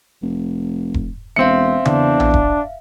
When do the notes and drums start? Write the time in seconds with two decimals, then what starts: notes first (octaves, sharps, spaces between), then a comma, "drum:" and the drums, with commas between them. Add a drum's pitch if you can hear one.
0.22 F1
0.94 drum: kick E1
1.36 E1 C4 E5 F5 C#7
1.85 E2 D4, drum: tom C#3
2.20 drum: tom A#1
2.34 drum: kick E1